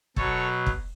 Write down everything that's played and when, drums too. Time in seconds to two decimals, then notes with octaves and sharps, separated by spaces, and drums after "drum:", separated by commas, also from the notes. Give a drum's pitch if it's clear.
0.16 B2 F#3 A4 C#5, drum: kick
0.66 drum: kick